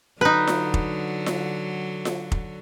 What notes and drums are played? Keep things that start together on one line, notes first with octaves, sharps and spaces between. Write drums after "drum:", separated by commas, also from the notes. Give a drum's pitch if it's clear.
D3 F#3 D#4 B4
drum: snare F4
drum: kick F1
drum: snare F4
drum: snare F4
drum: kick F1